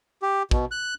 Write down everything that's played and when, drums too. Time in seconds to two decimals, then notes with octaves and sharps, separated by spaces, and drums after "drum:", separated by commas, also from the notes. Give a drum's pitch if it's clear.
0.22 G4
0.51 B2, drum: kick
0.71 F#6